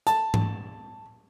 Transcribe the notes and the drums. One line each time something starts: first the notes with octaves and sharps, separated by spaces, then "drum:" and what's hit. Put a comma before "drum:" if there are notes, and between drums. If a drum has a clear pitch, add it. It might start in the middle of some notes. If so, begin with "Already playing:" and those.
A5, drum: hi-hat
drum: tom G#2